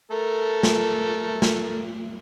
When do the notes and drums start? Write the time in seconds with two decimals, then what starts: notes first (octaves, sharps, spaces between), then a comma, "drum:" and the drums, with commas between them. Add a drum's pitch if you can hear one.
0.11 A3 A4 A#4
0.63 drum: snare
1.42 drum: snare